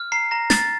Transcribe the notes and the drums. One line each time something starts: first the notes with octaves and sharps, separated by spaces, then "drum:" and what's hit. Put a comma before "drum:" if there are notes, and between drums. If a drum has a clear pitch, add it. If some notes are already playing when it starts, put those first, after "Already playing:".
Already playing: F6
A#5 C7
A#5 A#6
A#5 A6, drum: snare